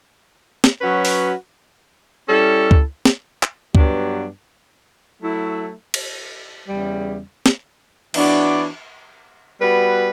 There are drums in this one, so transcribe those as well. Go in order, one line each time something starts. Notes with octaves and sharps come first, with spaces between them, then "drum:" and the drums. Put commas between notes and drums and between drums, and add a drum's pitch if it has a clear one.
drum: snare
F#3 C#4 F#4 B4
drum: open hi-hat
G3 C#4 E4 A4
drum: kick C#2
drum: snare
drum: clap
G2 F#3 B3 D4 G4, drum: kick C#2
F#3 A3 E4
drum: cymbal
E2 C#3 G3
drum: snare
E3 B3 D4 F#4 C#5, drum: cymbal
G3 B3 F#4 B4